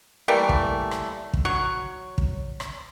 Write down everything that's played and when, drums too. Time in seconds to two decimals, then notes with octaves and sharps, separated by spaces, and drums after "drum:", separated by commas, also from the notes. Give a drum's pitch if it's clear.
0.28 E3 G3 A3 A#3
0.49 drum: kick
0.91 drum: rim click
1.33 drum: kick
1.45 F#3 C#6
2.18 drum: kick
2.60 drum: rim click